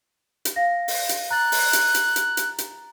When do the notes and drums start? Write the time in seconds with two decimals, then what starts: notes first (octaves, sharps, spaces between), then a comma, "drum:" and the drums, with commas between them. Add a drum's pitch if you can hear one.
0.45 drum: hi-hat
0.56 F5 A#6
0.88 drum: open hi-hat
1.09 drum: hi-hat
1.31 A#5 F#6 A6
1.52 drum: open hi-hat
1.73 drum: hi-hat
1.94 drum: hi-hat
2.16 drum: hi-hat
2.37 drum: hi-hat
2.58 drum: hi-hat